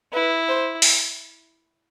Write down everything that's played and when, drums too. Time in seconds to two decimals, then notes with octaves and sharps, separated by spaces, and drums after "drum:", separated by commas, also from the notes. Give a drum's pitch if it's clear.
0.13 E4 B4
0.49 C5
0.82 drum: open hi-hat